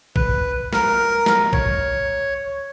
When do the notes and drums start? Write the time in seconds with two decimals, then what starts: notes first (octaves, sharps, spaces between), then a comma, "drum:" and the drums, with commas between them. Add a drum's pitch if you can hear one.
0.16 B4, drum: kick
0.73 A#4, drum: snare
1.26 drum: snare
1.53 C#5, drum: kick